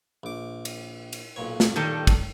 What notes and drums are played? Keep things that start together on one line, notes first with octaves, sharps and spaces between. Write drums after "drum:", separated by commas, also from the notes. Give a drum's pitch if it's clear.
A#1 D6
drum: cymbal
drum: cymbal
B1 A#2 C#5
drum: snare
D#3 G3 A4
drum: kick, cymbal